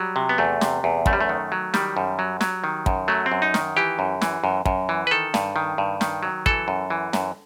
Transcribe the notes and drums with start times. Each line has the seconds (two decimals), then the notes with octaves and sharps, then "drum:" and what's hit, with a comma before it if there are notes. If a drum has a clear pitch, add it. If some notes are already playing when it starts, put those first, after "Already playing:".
Already playing: F#3 G3
0.16 C3
0.29 B3
0.38 E2 A3
0.61 C3, drum: snare
0.84 E2
1.06 F#2 A3, drum: kick
1.13 G3
1.20 A3
1.29 D#3
1.52 F#3
1.74 D#3 G3, drum: snare
1.97 F#2
2.19 F#3
2.41 F#3, drum: snare
2.64 D#3
2.86 F#2, drum: kick
3.08 F#3 A3
3.26 C4
3.32 F#2
3.42 D#4
3.54 D#3, drum: snare
3.77 E3 G4
3.99 F#2
4.21 E3, drum: snare
4.44 F#2
4.66 F#2, drum: kick
4.89 E3
5.07 B4
5.11 D#3 A4
5.34 G2, drum: snare
5.56 D#3
5.78 G2
6.01 D#3, drum: snare
6.23 F#3
6.46 E3 A4, drum: kick
6.68 F#2
6.90 E3
7.13 F#2, drum: snare